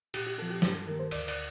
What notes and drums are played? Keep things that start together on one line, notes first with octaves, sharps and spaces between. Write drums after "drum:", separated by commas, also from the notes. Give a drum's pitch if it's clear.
A#2 G4, drum: cymbal
G4
F3 C4 A4
G4
G2 G4, drum: snare
A4
D#3 A#3 A#4
C5
D2 D5, drum: cymbal
D5, drum: cymbal